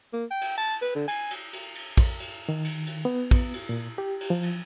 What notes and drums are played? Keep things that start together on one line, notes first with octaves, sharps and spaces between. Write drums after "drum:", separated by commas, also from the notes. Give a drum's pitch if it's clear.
A#3
G5
drum: cymbal
A5
B4
D3
G#5, drum: cymbal
drum: cymbal
drum: cymbal
drum: cymbal
drum: kick, cymbal
drum: cymbal
D#3
drum: cymbal
drum: cymbal
B3
drum: kick, cymbal
drum: cymbal
A#2
G4
drum: cymbal
F3
drum: cymbal